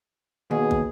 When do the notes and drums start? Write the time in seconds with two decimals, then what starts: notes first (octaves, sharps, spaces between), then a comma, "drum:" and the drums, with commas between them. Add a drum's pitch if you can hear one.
0.51 D#2 B2 G#4
0.71 drum: kick